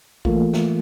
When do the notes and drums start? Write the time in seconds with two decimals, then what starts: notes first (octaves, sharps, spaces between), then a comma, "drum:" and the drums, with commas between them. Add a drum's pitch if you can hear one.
0.25 E3 A3 A#3 F4, drum: kick A#1
0.53 drum: snare